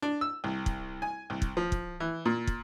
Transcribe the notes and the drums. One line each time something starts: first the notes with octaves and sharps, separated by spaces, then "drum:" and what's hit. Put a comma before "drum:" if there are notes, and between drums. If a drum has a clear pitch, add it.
D4
E6
C2
drum: kick
G#5
C2
drum: kick
F3
drum: kick
E3
A#2
drum: kick